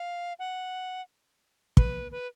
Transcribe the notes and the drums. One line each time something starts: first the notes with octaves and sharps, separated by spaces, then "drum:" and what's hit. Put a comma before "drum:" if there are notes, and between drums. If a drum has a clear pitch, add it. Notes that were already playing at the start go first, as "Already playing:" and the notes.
Already playing: F5
F#5
B4, drum: kick
B4